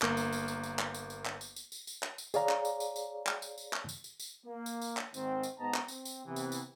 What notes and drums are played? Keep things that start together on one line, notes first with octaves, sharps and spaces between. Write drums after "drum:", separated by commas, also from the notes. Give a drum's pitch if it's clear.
G1 A#3, drum: clap
drum: tambourine
drum: tambourine
drum: tambourine
drum: tambourine
drum: clap
drum: tambourine
drum: tambourine
drum: clap
drum: tambourine
drum: tambourine
drum: tambourine
drum: tambourine
drum: clap
drum: tambourine
G#4 C#5 D5 F5 A#5, drum: tambourine
drum: clap
drum: tambourine
drum: tambourine
drum: tambourine
drum: clap
drum: tambourine
drum: tambourine
drum: clap
drum: tambourine
drum: tambourine
drum: tambourine
A#3
drum: tambourine
drum: tambourine
drum: clap
G#2 D#3 C4, drum: tambourine
drum: tambourine
G#2 B3 D#5 A5 A#5
drum: clap
C4, drum: tambourine
drum: tambourine
C3 E3 B3
drum: tambourine
drum: tambourine